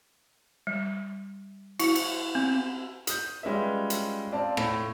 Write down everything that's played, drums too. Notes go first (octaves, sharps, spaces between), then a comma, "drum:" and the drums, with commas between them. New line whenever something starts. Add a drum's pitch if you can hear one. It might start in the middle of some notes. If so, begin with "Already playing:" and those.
G3
E4, drum: cymbal
drum: cymbal
C4
D#6 G6, drum: hi-hat
G3 G#3 C#4 F4 B4 E5
drum: hi-hat
C4 D5 F5 A5
A2, drum: rim click